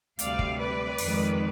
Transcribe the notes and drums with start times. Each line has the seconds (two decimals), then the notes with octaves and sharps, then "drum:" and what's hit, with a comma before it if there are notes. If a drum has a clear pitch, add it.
0.19 D2 C3 G3 D5 F5, drum: hi-hat
0.39 drum: kick
0.59 B4 D5
0.98 F2 D#3 G#3, drum: open hi-hat